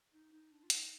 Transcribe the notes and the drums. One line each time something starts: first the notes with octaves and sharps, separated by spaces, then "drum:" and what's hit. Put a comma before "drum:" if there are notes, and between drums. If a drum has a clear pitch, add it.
D#4
D#4
D4
F4
D#4, drum: hi-hat